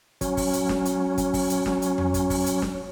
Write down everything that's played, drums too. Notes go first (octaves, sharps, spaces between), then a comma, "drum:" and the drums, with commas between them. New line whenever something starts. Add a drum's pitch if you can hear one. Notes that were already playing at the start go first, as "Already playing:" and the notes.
F#3 C#4, drum: kick, hi-hat
drum: kick, open hi-hat
drum: hi-hat
drum: snare
drum: hi-hat
drum: kick, hi-hat
drum: kick, open hi-hat
drum: hi-hat
drum: snare
drum: hi-hat
drum: tom F2
drum: kick, hi-hat
drum: kick, open hi-hat
drum: hi-hat
drum: snare